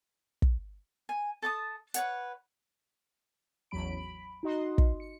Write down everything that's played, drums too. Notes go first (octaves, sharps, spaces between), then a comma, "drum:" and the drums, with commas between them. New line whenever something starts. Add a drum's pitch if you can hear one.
drum: kick
G#5
A4 A5 D6 D#6
B4 C#5 F#5, drum: hi-hat
A1 E2 F#3 B5 D7
B5
D#4 F#4 D#5 C6
drum: kick
C#7